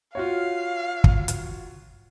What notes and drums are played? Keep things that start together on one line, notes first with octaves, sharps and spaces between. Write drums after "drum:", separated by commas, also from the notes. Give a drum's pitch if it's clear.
F4 F#4 C#5 F5
drum: kick
drum: hi-hat